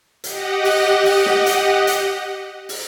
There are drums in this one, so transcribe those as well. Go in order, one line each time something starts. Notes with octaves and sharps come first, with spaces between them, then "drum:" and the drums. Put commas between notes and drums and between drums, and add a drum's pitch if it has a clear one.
G4 D#5 F#5, drum: hi-hat
drum: open hi-hat
drum: open hi-hat
drum: snare
drum: hi-hat
drum: hi-hat
drum: open hi-hat